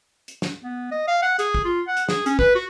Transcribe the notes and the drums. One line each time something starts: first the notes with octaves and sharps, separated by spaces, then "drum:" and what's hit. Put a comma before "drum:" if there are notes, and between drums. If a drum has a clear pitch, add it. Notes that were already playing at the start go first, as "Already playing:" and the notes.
drum: hi-hat
drum: snare
B3
D#5
F5
F#5
G#4, drum: hi-hat
drum: kick
F4
F#5
drum: hi-hat
G#4, drum: snare
C#4, drum: hi-hat
B4, drum: kick
F#4